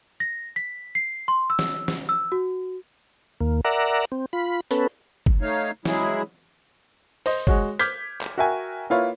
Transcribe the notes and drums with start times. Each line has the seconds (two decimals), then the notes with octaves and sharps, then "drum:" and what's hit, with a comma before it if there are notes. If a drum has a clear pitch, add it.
0.20 A#6
0.56 B6
0.95 C7
1.28 C6
1.50 E6
1.59 drum: snare
1.88 drum: snare
2.09 E6
2.32 F#4
3.41 D#2 A#3
3.65 A#4 D5 E5 F#5 A#5
4.12 C4
4.33 F4 B5
4.71 B3 C#4 A4 B4, drum: hi-hat
5.26 drum: kick
5.41 A3 D#4 C#5 F5
5.85 F#3 G#3 E4 G#4, drum: snare
7.26 C5 D#5, drum: open hi-hat
7.47 G#3 F#4 C#5, drum: kick
7.79 D6 F6 G6 G#6 B6, drum: hi-hat
8.21 drum: clap
8.38 F#4 A#4 E5 G5 G#5
8.90 A#3 E4 F4 B4 C#5